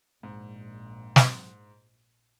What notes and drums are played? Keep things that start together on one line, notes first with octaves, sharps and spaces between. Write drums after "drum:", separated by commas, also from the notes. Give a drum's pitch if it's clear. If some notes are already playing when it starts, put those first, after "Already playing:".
A#1 G#2
drum: snare